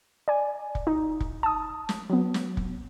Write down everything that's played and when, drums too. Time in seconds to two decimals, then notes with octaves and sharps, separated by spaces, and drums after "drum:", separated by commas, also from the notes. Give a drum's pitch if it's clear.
0.28 D5 G#5
0.75 drum: kick
0.87 D#4
1.20 drum: kick
1.43 A5 D#6
1.89 drum: snare
2.10 F#3 B3
2.34 drum: snare
2.57 drum: kick